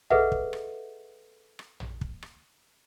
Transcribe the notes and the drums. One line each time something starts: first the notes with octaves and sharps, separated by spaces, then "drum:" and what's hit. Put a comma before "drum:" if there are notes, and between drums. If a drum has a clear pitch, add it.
G#4 A4 B4 D#5 E5 F#5, drum: tom
drum: kick
drum: rim click
drum: rim click
drum: tom
drum: kick
drum: rim click